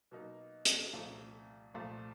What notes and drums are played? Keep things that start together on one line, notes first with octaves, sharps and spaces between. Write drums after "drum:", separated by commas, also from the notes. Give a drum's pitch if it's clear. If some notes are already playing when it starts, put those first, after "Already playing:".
B2 F#3 A#3 D#4
drum: hi-hat
C2 A#2 F3 A3
C2 A#2 F3 A3